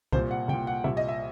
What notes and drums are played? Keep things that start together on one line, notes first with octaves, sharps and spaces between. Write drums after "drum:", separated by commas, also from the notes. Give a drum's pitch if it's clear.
C2 A#2 C5, drum: kick C2
F#5
C2 G5
A#2
F#5
C2 A#2 E5
D#5
E5